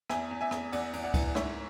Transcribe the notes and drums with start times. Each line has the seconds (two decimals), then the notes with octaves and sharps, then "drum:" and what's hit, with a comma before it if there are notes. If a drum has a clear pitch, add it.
0.10 E2 E5 G#5, drum: rim click
0.31 E2
0.41 E5 G#5
0.51 E2, drum: rim click
0.72 E2 D5 F#5, drum: cymbal
0.93 E2, drum: cymbal
1.04 D5 F#5
1.14 E3, drum: kick C#2, cymbal
1.35 G#2 C#5 E5, drum: rim click